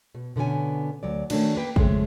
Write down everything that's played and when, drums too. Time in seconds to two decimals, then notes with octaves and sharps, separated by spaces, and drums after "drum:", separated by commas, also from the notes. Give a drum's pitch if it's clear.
0.15 B2
0.36 B2 D3 B3 C#4 G#5
1.03 D2 F#3 D5
1.30 D#3 A3 A#3 C#4 D4 F#4, drum: cymbal
1.56 A#3 B4 G5
1.76 F2 C#3 G#3 A3, drum: kick